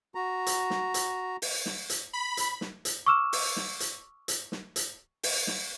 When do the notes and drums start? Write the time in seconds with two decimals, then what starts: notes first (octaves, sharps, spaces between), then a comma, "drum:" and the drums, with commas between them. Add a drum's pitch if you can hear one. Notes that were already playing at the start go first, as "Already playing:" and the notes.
0.15 F#4 A#5
0.46 drum: hi-hat
0.70 drum: snare
0.94 drum: hi-hat
1.42 drum: open hi-hat
1.66 drum: snare
1.90 drum: hi-hat
2.13 B5
2.37 drum: hi-hat
2.61 drum: snare
2.85 drum: hi-hat
3.06 C#6 D6 E6 F6 E7
3.33 drum: open hi-hat
3.56 drum: snare
3.80 drum: hi-hat
4.28 drum: hi-hat
4.52 drum: snare
4.76 drum: hi-hat
5.23 drum: open hi-hat
5.47 drum: snare